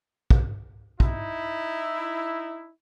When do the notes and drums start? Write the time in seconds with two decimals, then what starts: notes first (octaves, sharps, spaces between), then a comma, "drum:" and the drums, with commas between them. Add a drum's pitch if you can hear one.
0.30 drum: kick
1.00 D#4 E4, drum: kick